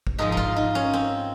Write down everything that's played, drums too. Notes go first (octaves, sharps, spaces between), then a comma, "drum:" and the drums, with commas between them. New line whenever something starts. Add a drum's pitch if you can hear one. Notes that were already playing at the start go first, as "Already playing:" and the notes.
drum: kick
G#2 F3 G#3 D#4
D#4
F4, drum: kick
D#4
C#4
C4